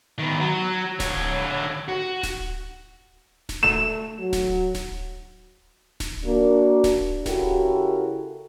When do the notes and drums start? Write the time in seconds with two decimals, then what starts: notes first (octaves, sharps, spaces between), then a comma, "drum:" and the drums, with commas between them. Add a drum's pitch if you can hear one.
0.19 D#3 B3
0.40 F#3
1.00 D3 C#5, drum: snare D1
1.88 F#4
2.23 drum: snare D1
3.49 drum: snare D1
3.63 A3 E7
4.19 F#3
4.33 drum: snare D1
4.75 drum: snare D1
6.00 drum: snare D1
6.25 A#3 D4 F#4
6.84 drum: snare D1
7.26 C#3 E4 F#4 G4 A4 A#4, drum: snare D1